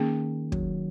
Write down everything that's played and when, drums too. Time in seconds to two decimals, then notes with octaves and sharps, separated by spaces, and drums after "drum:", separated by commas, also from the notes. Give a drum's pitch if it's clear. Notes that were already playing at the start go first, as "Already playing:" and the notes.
Already playing: D#3 A#3 C#4 G#4
0.52 F#3, drum: kick